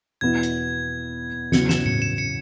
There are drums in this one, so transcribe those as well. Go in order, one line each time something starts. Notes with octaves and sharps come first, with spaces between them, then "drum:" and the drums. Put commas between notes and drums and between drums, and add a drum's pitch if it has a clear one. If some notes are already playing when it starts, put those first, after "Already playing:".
E2 B2 B3 E4 G#6
drum: hi-hat
E2 C#3 F#3 B3 E4 C#7, drum: snare
E7, drum: snare
C#7, drum: tom A2
E7
C#7